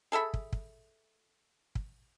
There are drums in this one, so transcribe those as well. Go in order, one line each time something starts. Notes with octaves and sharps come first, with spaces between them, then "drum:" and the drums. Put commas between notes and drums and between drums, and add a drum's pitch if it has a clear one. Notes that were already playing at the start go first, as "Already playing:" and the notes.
G#4 A4 E5 B5
drum: kick
drum: kick
drum: kick